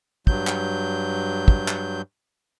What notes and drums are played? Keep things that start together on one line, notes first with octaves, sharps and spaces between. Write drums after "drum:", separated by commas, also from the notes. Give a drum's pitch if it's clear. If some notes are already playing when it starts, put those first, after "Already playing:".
G2 F#3 G6, drum: kick
drum: clap
drum: kick
drum: clap